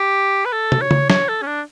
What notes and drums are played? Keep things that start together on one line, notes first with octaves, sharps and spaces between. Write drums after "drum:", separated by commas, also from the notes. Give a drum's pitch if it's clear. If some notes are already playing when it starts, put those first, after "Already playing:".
Already playing: G4
B4
A4
drum: tom
C#5
drum: tom C#3
C#5, drum: snare
A4
C#4
D4